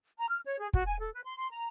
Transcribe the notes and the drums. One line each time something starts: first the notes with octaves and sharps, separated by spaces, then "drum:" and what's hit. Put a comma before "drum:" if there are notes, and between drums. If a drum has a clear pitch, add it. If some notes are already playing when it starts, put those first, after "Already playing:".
A#5
F6
C#5
G#4
F#4, drum: kick
G#5
A4
B4
C6
C6
A#5